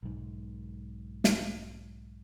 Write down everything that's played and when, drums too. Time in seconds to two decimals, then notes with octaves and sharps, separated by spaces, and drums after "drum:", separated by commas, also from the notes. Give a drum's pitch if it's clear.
0.03 B1 G#2
1.24 drum: snare